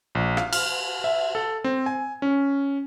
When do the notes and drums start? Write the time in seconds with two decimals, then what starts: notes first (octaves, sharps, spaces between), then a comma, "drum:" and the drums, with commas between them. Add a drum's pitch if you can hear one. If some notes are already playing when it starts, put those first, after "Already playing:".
0.15 A#1
0.37 F5, drum: rim click
0.53 F6, drum: cymbal
1.04 E5
1.35 A4
1.64 C4
1.86 G#5
2.22 C#4